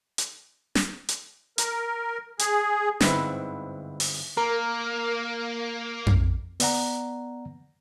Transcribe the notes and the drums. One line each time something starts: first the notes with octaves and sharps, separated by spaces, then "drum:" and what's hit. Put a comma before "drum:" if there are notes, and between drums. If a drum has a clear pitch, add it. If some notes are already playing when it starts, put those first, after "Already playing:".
drum: hi-hat
drum: snare
drum: hi-hat
A#4, drum: hi-hat
G#4, drum: hi-hat
G1 G#2 C4 E4 B4, drum: snare
drum: open hi-hat
A#3 A#4
drum: tom F2
B3 D5 F#5 A#5, drum: open hi-hat